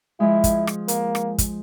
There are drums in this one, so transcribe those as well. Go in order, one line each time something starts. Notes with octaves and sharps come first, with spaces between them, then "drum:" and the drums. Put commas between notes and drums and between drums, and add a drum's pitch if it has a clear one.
F3 G#3 E4
drum: kick, hi-hat
drum: rim click
A#3, drum: hi-hat
drum: rim click
drum: kick, hi-hat